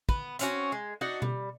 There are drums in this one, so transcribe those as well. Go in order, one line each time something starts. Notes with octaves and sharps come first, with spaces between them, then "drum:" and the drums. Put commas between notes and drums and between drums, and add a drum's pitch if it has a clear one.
B3, drum: kick
C4 C#4 F#4, drum: hi-hat
G#3
D4 D#4 F#4 F#5
G3, drum: tom B2